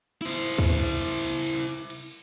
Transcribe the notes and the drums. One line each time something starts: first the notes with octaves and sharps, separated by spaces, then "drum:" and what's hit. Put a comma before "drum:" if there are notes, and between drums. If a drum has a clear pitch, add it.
E4 C5
drum: kick
drum: cymbal
drum: cymbal